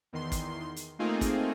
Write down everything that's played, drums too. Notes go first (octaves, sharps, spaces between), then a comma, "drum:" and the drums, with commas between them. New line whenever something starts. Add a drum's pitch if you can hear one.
E2 D#3 C6
drum: kick, hi-hat
drum: hi-hat
A3 A#3 C4 D#4 F4 G#4
drum: kick, hi-hat